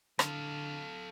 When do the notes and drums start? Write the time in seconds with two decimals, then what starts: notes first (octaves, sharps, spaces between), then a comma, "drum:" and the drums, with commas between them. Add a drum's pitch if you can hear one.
0.19 D3 A4 F5, drum: rim click